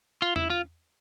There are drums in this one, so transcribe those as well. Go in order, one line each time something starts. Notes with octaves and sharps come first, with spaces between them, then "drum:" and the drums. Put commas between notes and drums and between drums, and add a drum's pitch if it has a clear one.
F4
E4, drum: tom E2
F4